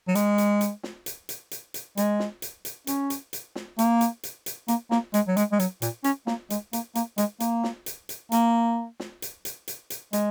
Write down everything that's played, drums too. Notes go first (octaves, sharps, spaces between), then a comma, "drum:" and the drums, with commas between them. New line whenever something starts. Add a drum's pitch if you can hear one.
F#3
G#3, drum: hi-hat
drum: hi-hat
drum: hi-hat
drum: snare
drum: hi-hat
drum: hi-hat
drum: hi-hat
drum: hi-hat
G#3, drum: hi-hat
drum: snare
drum: hi-hat
drum: hi-hat
C#4, drum: hi-hat
drum: hi-hat
drum: hi-hat
drum: snare
A#3, drum: hi-hat
drum: hi-hat
drum: hi-hat
drum: hi-hat
A#3, drum: hi-hat
A#3, drum: snare
G#3, drum: hi-hat
F#3
G#3, drum: hi-hat
G#3
F#3, drum: hi-hat
A#2, drum: hi-hat
C#4, drum: hi-hat
A#3, drum: snare
G#3, drum: hi-hat
A#3, drum: hi-hat
A#3, drum: hi-hat
G#3, drum: hi-hat
A#3, drum: hi-hat
drum: snare
drum: hi-hat
drum: hi-hat
A#3, drum: hi-hat
drum: snare
drum: hi-hat
drum: hi-hat
drum: hi-hat
drum: hi-hat
G#3, drum: hi-hat